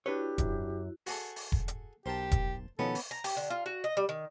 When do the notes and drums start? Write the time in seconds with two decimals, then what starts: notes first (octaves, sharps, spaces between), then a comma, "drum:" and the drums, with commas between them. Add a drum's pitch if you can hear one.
0.06 D4 E4 F#4 G4 B4 C#5
0.38 F#2, drum: kick E1, hi-hat
1.06 F#4 G#4 A4, drum: open hi-hat
1.36 drum: open hi-hat
1.52 drum: kick E1
1.68 drum: hi-hat
2.06 B1 G4 A#4 C5 A5
2.31 drum: kick E1, hi-hat
2.79 B2 D#3 F3 B3 C#4 A4
2.95 drum: open hi-hat
3.11 A#5
3.24 G4, drum: open hi-hat
3.37 D3
3.50 F4
3.66 F#4
3.84 D#5
3.97 G3
4.09 D#3